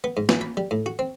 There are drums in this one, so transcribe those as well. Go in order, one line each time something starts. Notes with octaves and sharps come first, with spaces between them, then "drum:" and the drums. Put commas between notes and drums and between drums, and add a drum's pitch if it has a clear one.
B3
G#2
E3, drum: snare
B5
G3
A2
F#4
C4